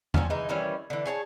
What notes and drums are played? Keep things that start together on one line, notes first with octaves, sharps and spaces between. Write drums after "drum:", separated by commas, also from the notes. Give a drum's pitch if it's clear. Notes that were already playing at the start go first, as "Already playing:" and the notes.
A#2 F3 C4 C#4, drum: tom E2
E3 G#3 D#4
D#3 E3 G3 C#4
D3 E3
G#4 C#5 G#5 A5